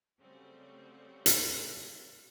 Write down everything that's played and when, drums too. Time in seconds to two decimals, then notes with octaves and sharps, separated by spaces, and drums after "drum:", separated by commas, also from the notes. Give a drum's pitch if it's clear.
0.21 C#3 F#3 G3 A3 C4 F#4
1.26 drum: hi-hat